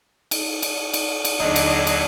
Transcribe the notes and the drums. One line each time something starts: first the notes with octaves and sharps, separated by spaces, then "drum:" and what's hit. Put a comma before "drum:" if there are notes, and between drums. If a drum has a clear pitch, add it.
drum: cymbal
drum: cymbal
drum: cymbal
drum: cymbal
D#2 D3 F#3 D4 D#4 G#4
drum: cymbal
drum: cymbal